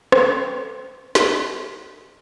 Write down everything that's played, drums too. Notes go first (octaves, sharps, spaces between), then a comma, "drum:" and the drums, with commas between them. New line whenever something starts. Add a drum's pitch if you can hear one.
A4 G5 C#6, drum: rim click
drum: snare